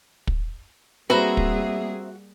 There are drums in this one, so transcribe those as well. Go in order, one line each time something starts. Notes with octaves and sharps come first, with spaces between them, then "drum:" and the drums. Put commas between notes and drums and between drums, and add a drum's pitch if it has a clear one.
drum: kick
G3 A#3 C4 F#4 G#4 B4 E5 A#5
drum: kick